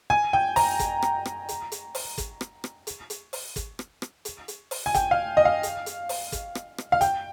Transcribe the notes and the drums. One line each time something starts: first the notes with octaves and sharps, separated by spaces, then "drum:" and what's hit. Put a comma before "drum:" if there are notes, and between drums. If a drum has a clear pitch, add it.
G#5
G5
A#5, drum: open hi-hat
drum: kick, hi-hat
drum: rim click
drum: rim click
drum: hi-hat
drum: hi-hat
drum: open hi-hat
drum: kick, hi-hat
drum: rim click
drum: rim click
drum: hi-hat
drum: hi-hat
drum: open hi-hat
drum: kick, hi-hat
drum: rim click
drum: rim click
drum: hi-hat
drum: hi-hat
drum: open hi-hat
G#5
G5, drum: kick, hi-hat
F5
D#5
F5
drum: hi-hat
drum: hi-hat
drum: open hi-hat
drum: kick, hi-hat
drum: rim click
drum: rim click
F5
G5, drum: hi-hat